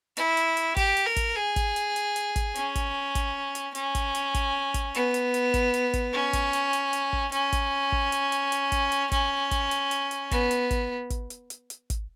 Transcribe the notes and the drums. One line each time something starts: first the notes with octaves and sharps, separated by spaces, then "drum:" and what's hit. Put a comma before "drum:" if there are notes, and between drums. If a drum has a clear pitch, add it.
E4, drum: hi-hat
drum: hi-hat
drum: hi-hat
G4, drum: kick, hi-hat
drum: hi-hat
A#4
drum: kick, hi-hat
G#4
drum: kick, hi-hat
drum: hi-hat
drum: hi-hat
drum: hi-hat
drum: kick, hi-hat
C#4, drum: hi-hat
drum: kick, hi-hat
drum: kick, hi-hat
drum: hi-hat
C#4, drum: hi-hat
drum: kick, hi-hat
drum: hi-hat
drum: kick, hi-hat
drum: kick, hi-hat
B3, drum: hi-hat
drum: hi-hat
drum: hi-hat
drum: kick, hi-hat
drum: hi-hat
drum: kick, hi-hat
C#4
drum: kick, hi-hat
drum: hi-hat
drum: hi-hat
drum: hi-hat
drum: kick
C#4, drum: hi-hat
drum: kick, hi-hat
drum: kick
drum: hi-hat
drum: hi-hat
drum: hi-hat
drum: kick, hi-hat
drum: hi-hat
C#4, drum: kick, hi-hat
drum: kick, hi-hat
drum: hi-hat
drum: hi-hat
drum: hi-hat
B3, drum: kick, hi-hat
drum: hi-hat
drum: kick, hi-hat
drum: kick, hi-hat
drum: hi-hat
drum: hi-hat
drum: hi-hat
drum: kick, hi-hat